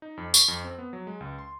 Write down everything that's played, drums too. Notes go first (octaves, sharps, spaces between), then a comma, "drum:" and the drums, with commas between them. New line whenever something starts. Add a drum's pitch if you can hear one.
D#4
F2
C#6, drum: tambourine
F2
C4
B3
F#3
G#3
C#2
C6